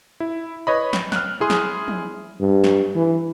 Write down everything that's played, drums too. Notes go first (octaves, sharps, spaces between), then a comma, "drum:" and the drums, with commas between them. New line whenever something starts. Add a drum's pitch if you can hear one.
E4
B4 C#5 D#5 B5
drum: snare
F6 F#6, drum: snare
E4 G#4 C6 D#6
drum: snare
drum: tom
G2
drum: snare
E3